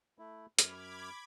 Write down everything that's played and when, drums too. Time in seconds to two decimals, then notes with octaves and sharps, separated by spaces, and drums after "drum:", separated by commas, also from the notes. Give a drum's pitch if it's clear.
0.19 A3 E4
0.59 F#2 B5 D6 F6 G#6, drum: hi-hat